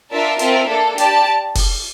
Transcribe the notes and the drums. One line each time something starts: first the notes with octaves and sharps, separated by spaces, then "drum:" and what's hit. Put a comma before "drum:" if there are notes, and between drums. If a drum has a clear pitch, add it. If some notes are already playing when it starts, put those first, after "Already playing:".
D4 F4 A#4 E5 A5
C4 F4 A#4 E5, drum: hi-hat
A#3 D4 A4
G4 D5 A5, drum: hi-hat
drum: kick F1, open hi-hat